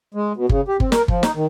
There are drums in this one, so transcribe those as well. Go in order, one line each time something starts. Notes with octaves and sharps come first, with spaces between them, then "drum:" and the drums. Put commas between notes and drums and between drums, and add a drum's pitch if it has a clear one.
G#3
B2
C#3, drum: kick G1
G4
C4, drum: kick G1
A#4, drum: snare
F3, drum: kick G1
D#4, drum: snare
D#3